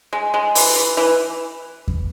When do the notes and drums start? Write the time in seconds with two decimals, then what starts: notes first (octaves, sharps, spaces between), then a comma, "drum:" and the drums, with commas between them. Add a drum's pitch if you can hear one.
0.13 G#3
0.34 G#3
0.55 E3, drum: open hi-hat
0.76 E3
0.97 E3
1.88 drum: kick E2